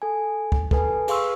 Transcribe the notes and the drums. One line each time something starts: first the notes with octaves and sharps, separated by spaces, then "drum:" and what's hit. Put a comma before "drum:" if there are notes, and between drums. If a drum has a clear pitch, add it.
A4 G#5
drum: kick
A4 B4 G#5, drum: kick
G#4 B4 F5 C6 C#6 E6, drum: cymbal